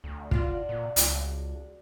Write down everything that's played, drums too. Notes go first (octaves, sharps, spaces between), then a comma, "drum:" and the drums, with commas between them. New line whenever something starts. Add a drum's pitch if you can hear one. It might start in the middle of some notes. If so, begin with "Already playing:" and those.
D2
D4 F4 F#4 D5, drum: kick
A#2
C#2, drum: hi-hat